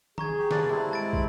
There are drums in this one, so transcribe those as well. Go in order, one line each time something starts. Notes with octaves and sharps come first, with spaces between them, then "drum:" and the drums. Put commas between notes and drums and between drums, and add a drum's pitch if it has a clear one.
G#4 A#5 C#6 G#6, drum: tom D#3
G4
A#3 G4 A4 B4 D5, drum: snare
G2 C4 D4 E4
G#3 A5 A6 D7
drum: kick